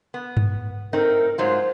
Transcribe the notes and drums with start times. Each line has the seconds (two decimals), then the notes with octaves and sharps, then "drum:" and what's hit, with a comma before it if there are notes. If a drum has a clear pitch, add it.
0.14 B3
0.37 drum: tom G2
0.93 A3 C4 D#4 A#4
1.38 G#2 F#3 F4 C5